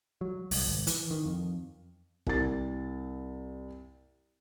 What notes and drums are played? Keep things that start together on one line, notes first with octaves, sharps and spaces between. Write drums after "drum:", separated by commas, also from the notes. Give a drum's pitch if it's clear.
F#3
C2, drum: open hi-hat
G#1
E3, drum: hi-hat
D#3
F2
C2 A6, drum: kick